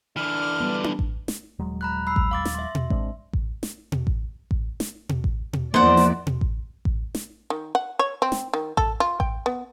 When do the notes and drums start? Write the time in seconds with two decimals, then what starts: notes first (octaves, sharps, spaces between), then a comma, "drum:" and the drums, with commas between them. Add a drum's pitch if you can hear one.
0.16 D3 E3 D4 F6
0.60 G3 B3
0.84 drum: tom D4
0.99 drum: kick A1
1.28 drum: snare
1.59 D#1 F#3 G#3
1.81 A#5 B5 F#6
2.07 B5 E6 C7
2.16 drum: kick A1
2.31 F5 D6 A6
2.45 drum: snare
2.55 E5 C6
2.75 drum: tom B2
2.90 G#3 C4 D4, drum: kick A1
3.33 drum: kick A1
3.63 drum: snare
3.92 drum: tom B2
4.07 drum: kick A1
4.51 drum: kick A1
4.80 drum: snare
5.09 drum: tom B2
5.24 drum: kick A1
5.53 drum: tom B2
5.74 E2 F3 A#3 C5 D5 F#5
5.97 drum: snare
6.27 drum: tom B2
6.41 drum: kick A1
6.85 drum: kick A1
7.15 drum: snare
7.50 D#3
7.75 F#5
7.99 C#5
8.22 C4
8.32 drum: snare
8.53 D#3
8.77 A4, drum: kick A1
9.00 F4
9.20 G5, drum: kick A1
9.46 B3